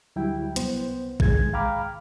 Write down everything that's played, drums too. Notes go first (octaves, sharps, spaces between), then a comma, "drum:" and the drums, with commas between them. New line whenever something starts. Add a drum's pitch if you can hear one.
D2 F#3 G3 E4 G5
C2 B3 C5, drum: hi-hat
G#2 D#3 G#3 G#4 G#6, drum: kick
F5 G5 A#5 B5 D6 F6